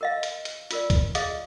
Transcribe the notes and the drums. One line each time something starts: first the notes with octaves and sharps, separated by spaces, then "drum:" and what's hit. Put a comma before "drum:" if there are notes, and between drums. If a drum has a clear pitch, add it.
A#4 D#5 F5
drum: hi-hat
drum: hi-hat
F4 A#4 D5, drum: hi-hat
drum: kick C2, hi-hat
G#4 D#5 F5 D#6, drum: hi-hat